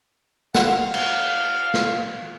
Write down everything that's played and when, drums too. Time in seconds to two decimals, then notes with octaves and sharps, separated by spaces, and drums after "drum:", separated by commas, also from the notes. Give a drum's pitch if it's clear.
0.55 F5 F#5, drum: snare
0.94 drum: cymbal
1.74 drum: snare